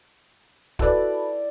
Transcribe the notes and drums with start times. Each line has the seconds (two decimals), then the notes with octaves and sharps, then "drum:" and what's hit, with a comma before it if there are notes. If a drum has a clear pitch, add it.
0.79 E4 F#4 A4 B4 D5, drum: kick